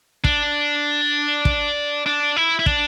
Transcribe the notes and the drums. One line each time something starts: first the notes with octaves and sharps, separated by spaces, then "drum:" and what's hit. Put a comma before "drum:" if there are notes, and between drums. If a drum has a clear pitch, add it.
D4, drum: kick
drum: kick
D4
E4
E4
D4, drum: kick